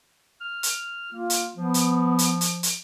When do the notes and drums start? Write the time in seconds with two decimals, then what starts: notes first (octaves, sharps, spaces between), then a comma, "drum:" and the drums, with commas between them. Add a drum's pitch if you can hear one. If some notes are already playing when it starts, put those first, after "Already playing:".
0.41 F6
0.63 drum: hi-hat
1.12 A#3 F4
1.30 drum: hi-hat
1.55 F3 B3
1.74 drum: hi-hat
2.19 drum: hi-hat
2.41 drum: hi-hat
2.63 drum: hi-hat